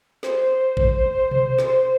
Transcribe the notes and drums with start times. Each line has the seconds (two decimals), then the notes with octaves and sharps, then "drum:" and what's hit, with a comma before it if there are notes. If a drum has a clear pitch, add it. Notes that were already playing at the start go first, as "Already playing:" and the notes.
0.23 C5, drum: snare
0.77 drum: kick A1
1.31 drum: tom B2
1.58 drum: snare